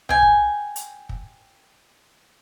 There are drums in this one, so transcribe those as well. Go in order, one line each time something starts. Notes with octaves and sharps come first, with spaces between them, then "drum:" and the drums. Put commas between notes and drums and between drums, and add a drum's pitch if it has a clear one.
G5 G#5, drum: tom C2
drum: kick
drum: hi-hat
drum: kick